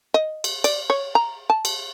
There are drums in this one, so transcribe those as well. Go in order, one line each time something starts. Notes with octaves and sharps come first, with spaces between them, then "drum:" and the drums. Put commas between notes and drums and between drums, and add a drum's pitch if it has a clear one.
D#5
drum: cymbal
D5, drum: cymbal
C#5
A#5
A5
drum: cymbal